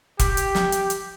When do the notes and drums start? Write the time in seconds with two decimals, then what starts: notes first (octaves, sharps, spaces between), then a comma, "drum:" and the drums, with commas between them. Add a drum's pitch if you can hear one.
0.19 G4, drum: kick E1, hi-hat
0.37 drum: hi-hat
0.55 drum: snare
0.72 drum: hi-hat
0.90 drum: hi-hat